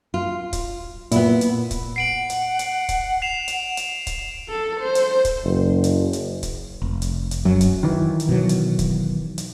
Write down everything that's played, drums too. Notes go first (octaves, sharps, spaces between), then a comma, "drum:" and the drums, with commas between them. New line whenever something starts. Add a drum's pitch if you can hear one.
F4
drum: kick, hi-hat
A#2 B3 E4, drum: hi-hat
drum: hi-hat
drum: kick, hi-hat
F#5 C7 D7 F#7
drum: hi-hat
drum: hi-hat
drum: kick, hi-hat
C7 E7 F7
drum: hi-hat
drum: hi-hat
drum: kick, hi-hat
A4
C5
drum: hi-hat
drum: kick, hi-hat
F#1
drum: hi-hat
drum: hi-hat
drum: kick, hi-hat
F1
drum: hi-hat
drum: hi-hat
F#2 F#3
drum: kick, hi-hat
D#3 E3
drum: hi-hat
B2 F#3
drum: hi-hat
drum: kick, hi-hat
drum: hi-hat